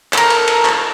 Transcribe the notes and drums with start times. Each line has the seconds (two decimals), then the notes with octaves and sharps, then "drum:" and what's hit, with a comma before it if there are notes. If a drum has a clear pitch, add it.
0.13 A4 A#4, drum: clap
0.30 drum: cymbal
0.48 drum: cymbal
0.65 drum: clap